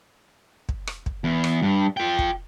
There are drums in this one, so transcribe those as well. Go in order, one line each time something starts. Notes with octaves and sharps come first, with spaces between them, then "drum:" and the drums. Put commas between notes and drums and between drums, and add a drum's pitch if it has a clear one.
drum: kick
drum: rim click
drum: kick
E2
drum: rim click
G2
F4 G5
drum: kick